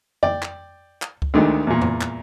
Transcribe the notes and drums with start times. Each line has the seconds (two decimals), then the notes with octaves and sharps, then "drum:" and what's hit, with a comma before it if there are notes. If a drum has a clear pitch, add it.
0.23 D5 G5, drum: tom F2
0.42 drum: clap
1.02 drum: clap
1.22 drum: kick C#2
1.34 D2 D3 D#3 G#3
1.67 E2 A#2
1.81 drum: tom F2
2.01 drum: clap